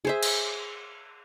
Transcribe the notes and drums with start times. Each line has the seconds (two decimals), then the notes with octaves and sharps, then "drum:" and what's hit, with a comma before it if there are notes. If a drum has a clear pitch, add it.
0.05 G#4 C5 E5
0.23 drum: cymbal